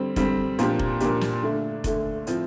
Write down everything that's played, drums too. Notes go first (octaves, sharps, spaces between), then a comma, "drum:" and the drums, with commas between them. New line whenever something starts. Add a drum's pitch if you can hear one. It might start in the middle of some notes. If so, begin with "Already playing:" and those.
Already playing: D3 G3 C4
D3 G3 C4, drum: kick F1, hi-hat
A#2 F3 A#3 D4 G4, drum: hi-hat
drum: kick F1
A#2 F3 A#3 D4 G4, drum: hi-hat
drum: snare
D3 A3 D4
D3 A3 D4, drum: kick F1, hi-hat
A2 F3 C4 F4, drum: hi-hat